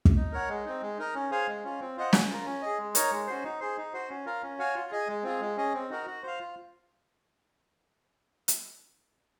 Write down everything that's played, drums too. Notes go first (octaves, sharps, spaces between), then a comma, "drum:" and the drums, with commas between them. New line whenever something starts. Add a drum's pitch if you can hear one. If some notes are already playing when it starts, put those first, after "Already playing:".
drum: kick
D#4
A#4 C#5 F#5
G#3
C4 D#4
G#3
D#4 A#4 D#5
C#4
G#4 C5 F5 G#5
G#3
C#4 F4
C4
F4 C5 D#5 F#5
C#4, drum: snare
F4 A#4
C#4
G#4 D#5
G#3
D#4 A#4 C#5, drum: hi-hat
G#3
C#4 F#4 C5
D#4
G#4 C5
D#4
F#4 C5
C#4
F4 A#4 F5
C#4
F#4 C#5 F5 G#5
F4
G#4 D#5 G#5
G#3
C4 F4 G#4
G#3
C#4 G#4 D#5
C4
D#4 F#4 A#4
F#4
C5 F5
F4
drum: hi-hat